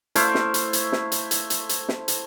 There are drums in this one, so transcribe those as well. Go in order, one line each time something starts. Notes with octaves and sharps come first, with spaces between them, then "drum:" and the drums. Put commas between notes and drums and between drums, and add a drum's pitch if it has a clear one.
A3 E4 C5 F5, drum: hi-hat
drum: snare
drum: hi-hat
drum: hi-hat
drum: snare
drum: hi-hat
drum: hi-hat
drum: hi-hat
drum: hi-hat
drum: snare
drum: hi-hat